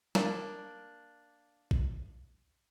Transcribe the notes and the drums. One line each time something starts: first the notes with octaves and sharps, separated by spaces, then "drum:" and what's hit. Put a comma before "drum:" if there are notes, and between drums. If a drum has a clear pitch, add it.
A#3 D4, drum: snare
drum: kick A#1